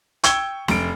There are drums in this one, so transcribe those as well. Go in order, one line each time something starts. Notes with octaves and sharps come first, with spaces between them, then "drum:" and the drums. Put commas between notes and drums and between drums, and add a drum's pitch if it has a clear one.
G5 C#6 E6 G#6 G7, drum: hi-hat
F1 D7, drum: snare